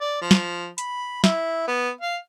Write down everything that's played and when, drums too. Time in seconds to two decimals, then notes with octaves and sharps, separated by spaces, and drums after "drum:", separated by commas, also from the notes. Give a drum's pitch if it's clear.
0.01 D5
0.22 F3
0.31 drum: snare
0.78 B5, drum: hi-hat
1.24 E4, drum: snare
1.68 B3
2.01 F5